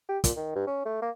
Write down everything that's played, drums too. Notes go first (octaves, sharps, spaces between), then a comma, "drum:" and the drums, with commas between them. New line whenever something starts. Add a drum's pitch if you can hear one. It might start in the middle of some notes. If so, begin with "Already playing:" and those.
G4
A#2, drum: kick, hi-hat
D#3
G2
C#4
A3
A#3